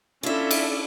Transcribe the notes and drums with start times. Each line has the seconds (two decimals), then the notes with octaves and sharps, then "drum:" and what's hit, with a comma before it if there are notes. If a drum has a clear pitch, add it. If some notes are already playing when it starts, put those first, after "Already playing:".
0.23 C#4 D4 E4 F4 A4 E5
0.51 drum: cymbal